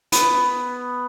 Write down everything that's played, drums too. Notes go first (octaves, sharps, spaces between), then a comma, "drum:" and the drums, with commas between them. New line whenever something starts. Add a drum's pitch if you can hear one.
B3, drum: hi-hat